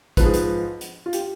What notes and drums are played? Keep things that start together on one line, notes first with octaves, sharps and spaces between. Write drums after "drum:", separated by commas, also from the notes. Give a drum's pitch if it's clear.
G#2 F3 B4, drum: kick A1, hi-hat
G#4
B4, drum: hi-hat
drum: hi-hat
F4
G4, drum: hi-hat